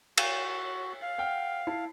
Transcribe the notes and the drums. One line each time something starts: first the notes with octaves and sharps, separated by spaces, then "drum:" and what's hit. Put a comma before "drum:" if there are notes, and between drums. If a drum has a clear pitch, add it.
F#4, drum: cymbal
F5
F#5 G5 F6
E4 A5 C7